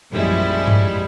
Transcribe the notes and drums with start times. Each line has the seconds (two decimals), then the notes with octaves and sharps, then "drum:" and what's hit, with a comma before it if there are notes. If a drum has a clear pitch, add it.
0.10 A#1 F#2 F3 G3 G#3 E4
0.67 drum: tom G2